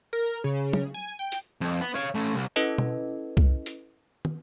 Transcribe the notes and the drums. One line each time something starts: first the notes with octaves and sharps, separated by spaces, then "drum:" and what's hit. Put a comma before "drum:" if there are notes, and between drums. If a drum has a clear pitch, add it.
A#4
C#3
drum: tom
G#5
G5
drum: hi-hat
F2
B3
C#5 F5
A3 C#4
C2
C#4 E4 A4 B4 D#5
drum: tom B2
drum: kick C2
drum: hi-hat
drum: tom